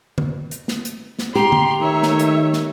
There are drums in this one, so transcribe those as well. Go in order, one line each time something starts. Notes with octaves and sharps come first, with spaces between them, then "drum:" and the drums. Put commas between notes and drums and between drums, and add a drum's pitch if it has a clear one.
drum: tom D3
drum: hi-hat
drum: snare
drum: hi-hat
drum: snare
G4 A#5 C6
drum: tom D3
D#3 A3 C#5 E5
drum: snare
drum: hi-hat
drum: snare